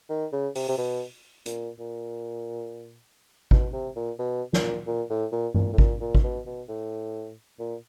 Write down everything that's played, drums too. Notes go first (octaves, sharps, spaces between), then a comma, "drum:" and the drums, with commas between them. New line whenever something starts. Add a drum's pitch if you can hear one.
D#3
C#3
C3, drum: open hi-hat
C3
B2
A#2, drum: hi-hat
A#2
B2, drum: kick G#1
C3
A#2
B2
A#2, drum: snare
A#2
A2
A#2
A#2, drum: tom G2
A2
A#2, drum: kick G#1
A#2
drum: kick G#1
B2
B2
A2
A#2